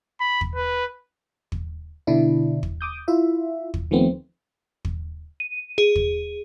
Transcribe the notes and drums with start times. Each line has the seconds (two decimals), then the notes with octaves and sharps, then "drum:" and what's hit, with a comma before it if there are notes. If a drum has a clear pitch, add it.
0.21 B5
0.41 drum: kick
0.55 B4
1.52 drum: kick
2.07 B2 D3 D4 E4
2.63 drum: kick
2.81 D6 D#6 G6
3.08 E4 F4 E5
3.74 drum: kick
3.91 D#3 F3 A3 B3 C4
4.85 drum: kick
5.40 D#7
5.78 G#4
5.96 drum: kick